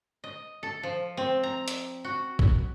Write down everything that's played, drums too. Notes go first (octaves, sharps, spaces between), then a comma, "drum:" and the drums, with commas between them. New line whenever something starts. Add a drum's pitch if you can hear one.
D#5
A4
F3
C4
A#5
drum: hi-hat
F#4
drum: kick G#1